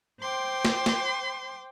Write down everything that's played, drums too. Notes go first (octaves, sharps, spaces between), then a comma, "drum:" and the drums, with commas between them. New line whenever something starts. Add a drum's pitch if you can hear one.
C5 G5 C6 D6
drum: snare
drum: snare